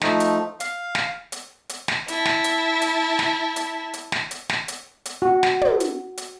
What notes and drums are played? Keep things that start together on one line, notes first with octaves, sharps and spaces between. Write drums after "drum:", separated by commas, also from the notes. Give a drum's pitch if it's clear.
F3 A3 D#4, drum: snare
drum: hi-hat
F5, drum: hi-hat
drum: snare
drum: hi-hat
drum: hi-hat
drum: snare
E4 A5, drum: hi-hat
drum: snare
drum: hi-hat
drum: hi-hat
drum: snare
drum: hi-hat
drum: hi-hat
drum: snare
drum: hi-hat
drum: snare
drum: hi-hat
drum: hi-hat
F#4
drum: snare
drum: tom
drum: hi-hat
drum: hi-hat